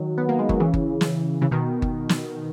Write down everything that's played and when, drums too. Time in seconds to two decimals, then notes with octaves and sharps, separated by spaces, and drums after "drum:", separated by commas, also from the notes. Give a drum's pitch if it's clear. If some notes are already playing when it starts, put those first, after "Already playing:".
Already playing: D#3 F#3
0.18 B3
0.29 A#3
0.39 G#3
0.49 F#3, drum: kick G1
0.60 C#3 E3
0.74 drum: kick G1
1.01 drum: snare
1.41 C#3 E3
1.51 B2 D#3
1.82 drum: kick G1
2.09 drum: snare